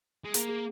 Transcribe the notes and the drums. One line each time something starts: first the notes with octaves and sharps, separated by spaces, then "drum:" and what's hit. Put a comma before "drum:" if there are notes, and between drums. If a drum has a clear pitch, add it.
G#3
A#3 G#4, drum: hi-hat
G#4